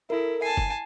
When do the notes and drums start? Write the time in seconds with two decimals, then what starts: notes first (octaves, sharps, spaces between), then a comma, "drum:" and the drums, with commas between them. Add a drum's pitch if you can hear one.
0.10 E4 A4 A#4
0.42 G#5 A5 C7
0.57 drum: kick